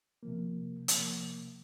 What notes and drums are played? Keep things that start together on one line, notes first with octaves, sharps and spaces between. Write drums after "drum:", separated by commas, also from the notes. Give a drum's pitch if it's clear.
C3 F3 A#3
C3 F3 A#3, drum: hi-hat